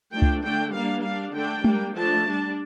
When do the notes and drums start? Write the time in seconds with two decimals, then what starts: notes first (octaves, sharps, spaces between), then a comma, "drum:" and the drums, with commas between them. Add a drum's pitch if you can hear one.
0.12 F3 A3 D4 G5
0.22 drum: kick C#2
0.43 D3 A3 D4 G5
0.73 G3 A#3 D4 F5
1.03 G3 D4 F5
1.34 D3 A3 D4 G5
1.64 G3 A#3 D4, drum: tom G#3
1.95 F3 A3 D4 A5
2.27 G3 D4